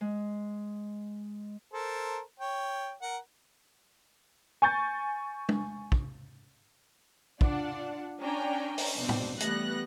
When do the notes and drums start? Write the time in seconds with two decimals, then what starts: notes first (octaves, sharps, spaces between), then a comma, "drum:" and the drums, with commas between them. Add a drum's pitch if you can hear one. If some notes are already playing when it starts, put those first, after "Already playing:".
0.01 G#3
1.73 A4 A#4 C5
2.40 C#5 G5
3.02 A#4 F#5
4.62 G#5 C#6 G6 A6
5.49 drum: tom G#3
5.92 drum: kick
7.41 D4 F4 D5 F#5, drum: kick
8.21 C#4 D4 G5 G#5 A#5
8.78 drum: open hi-hat
8.99 B2 C4 D4
9.09 drum: tom A2
9.40 E3 G3 A3 B3 F#6 A#6, drum: hi-hat